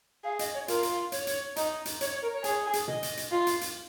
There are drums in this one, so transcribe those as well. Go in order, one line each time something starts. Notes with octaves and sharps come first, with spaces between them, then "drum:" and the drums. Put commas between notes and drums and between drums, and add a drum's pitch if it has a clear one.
G#4 F5
D#5, drum: hi-hat
C#5
F4 A#4, drum: hi-hat
drum: hi-hat
C#5, drum: hi-hat
drum: hi-hat
D#4, drum: hi-hat
drum: hi-hat
C#5, drum: hi-hat
C#5
A#4
C#5
G#4, drum: hi-hat
drum: hi-hat
D#5, drum: tom A#2
drum: hi-hat
drum: hi-hat
F4
drum: hi-hat
drum: hi-hat